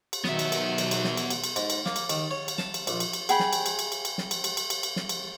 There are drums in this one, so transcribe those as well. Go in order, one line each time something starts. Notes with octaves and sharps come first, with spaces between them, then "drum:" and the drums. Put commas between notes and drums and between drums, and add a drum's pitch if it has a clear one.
drum: cymbal
B2 D#3 F#3 B3 E5, drum: snare
drum: cymbal
drum: cymbal
drum: cymbal
drum: cymbal
drum: snare
drum: cymbal
drum: cymbal
drum: cymbal
G#2, drum: cymbal
drum: cymbal
A#3, drum: snare
drum: cymbal
D#3, drum: cymbal
C#5
drum: cymbal
A5, drum: snare
drum: cymbal
A#1, drum: cymbal
drum: cymbal
drum: cymbal
G#4 G5 B5, drum: cymbal
drum: snare
drum: cymbal
drum: cymbal
drum: cymbal
drum: cymbal
drum: cymbal
drum: snare
drum: cymbal
drum: cymbal
drum: cymbal
drum: cymbal
drum: cymbal
drum: snare
drum: cymbal